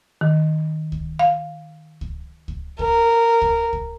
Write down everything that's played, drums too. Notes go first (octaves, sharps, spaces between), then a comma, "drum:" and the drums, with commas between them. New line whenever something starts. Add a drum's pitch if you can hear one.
D#3
drum: kick C#2
F5
drum: kick C#2
drum: kick C#2
A#4, drum: kick C#2
drum: kick C#2
drum: kick C#2